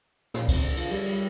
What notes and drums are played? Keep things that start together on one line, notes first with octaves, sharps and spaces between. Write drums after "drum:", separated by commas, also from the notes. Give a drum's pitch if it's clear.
A#2, drum: snare
C3, drum: kick, cymbal
D3, drum: cymbal
F3, drum: cymbal
G3, drum: cymbal
drum: cymbal